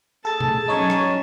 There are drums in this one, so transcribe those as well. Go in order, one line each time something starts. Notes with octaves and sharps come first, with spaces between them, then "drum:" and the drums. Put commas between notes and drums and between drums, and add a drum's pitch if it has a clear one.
G#4 A4 A5 A6
drum: tom B2
F#3 C#4 D#4 C#5 C#6 G#6
drum: rim click